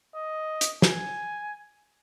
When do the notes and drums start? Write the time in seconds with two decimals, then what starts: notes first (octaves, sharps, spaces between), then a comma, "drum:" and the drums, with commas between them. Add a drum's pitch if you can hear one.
0.15 D#5
0.61 drum: hi-hat
0.82 G#5, drum: snare